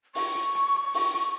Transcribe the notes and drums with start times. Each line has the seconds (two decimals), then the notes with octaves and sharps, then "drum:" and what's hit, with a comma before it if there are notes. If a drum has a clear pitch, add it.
0.15 C#6, drum: open hi-hat
0.35 drum: hi-hat
0.55 drum: hi-hat
0.74 drum: hi-hat
0.94 drum: open hi-hat
1.14 drum: hi-hat